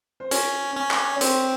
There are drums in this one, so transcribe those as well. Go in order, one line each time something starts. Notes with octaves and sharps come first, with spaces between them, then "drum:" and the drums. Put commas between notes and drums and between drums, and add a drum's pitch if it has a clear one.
C5
C#4 C#5, drum: hi-hat
C#4
drum: clap
C#5
C4 C5, drum: hi-hat